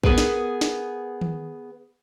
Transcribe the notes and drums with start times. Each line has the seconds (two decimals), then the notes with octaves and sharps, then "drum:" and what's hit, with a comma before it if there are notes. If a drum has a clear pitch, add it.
0.04 B3 G#4 A#4 B4, drum: kick
0.18 drum: snare
0.61 drum: snare
1.21 drum: tom D#3